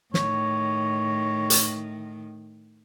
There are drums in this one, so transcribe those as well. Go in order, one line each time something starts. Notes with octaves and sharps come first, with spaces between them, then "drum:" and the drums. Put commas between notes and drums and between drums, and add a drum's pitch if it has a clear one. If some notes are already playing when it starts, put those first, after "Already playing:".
A2 D#3 C#5, drum: snare
drum: hi-hat